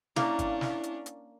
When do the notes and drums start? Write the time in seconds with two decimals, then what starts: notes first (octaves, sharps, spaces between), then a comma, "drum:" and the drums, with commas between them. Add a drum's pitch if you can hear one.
0.16 A#3 C#4 D4 E4, drum: snare
0.39 drum: kick, hi-hat
0.61 drum: snare
0.83 drum: hi-hat
1.06 drum: hi-hat